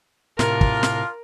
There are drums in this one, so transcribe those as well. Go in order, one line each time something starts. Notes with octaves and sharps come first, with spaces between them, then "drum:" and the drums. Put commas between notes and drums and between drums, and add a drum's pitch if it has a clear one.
A2 C3 D4 F4 A#4, drum: snare
drum: kick
drum: snare